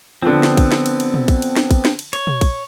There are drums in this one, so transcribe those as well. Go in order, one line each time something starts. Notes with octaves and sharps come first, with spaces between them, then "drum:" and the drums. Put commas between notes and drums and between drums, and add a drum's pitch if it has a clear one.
D3 F3 B3 C4
drum: snare
drum: kick, cymbal
drum: snare
drum: cymbal
drum: cymbal
drum: tom
drum: kick, cymbal
drum: cymbal
drum: snare
drum: kick, cymbal
drum: snare
drum: cymbal
C#5, drum: cymbal
drum: tom
drum: kick, cymbal